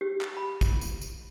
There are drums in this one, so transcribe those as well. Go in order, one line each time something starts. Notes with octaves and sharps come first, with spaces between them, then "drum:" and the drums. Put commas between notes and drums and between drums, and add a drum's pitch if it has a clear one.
G4
drum: clap
B5
drum: kick A1, tambourine
drum: tambourine
drum: tambourine